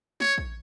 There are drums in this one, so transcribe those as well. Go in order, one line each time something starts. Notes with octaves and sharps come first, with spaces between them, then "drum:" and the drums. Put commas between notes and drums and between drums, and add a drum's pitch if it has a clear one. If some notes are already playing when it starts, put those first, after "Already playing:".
C#5, drum: snare
drum: kick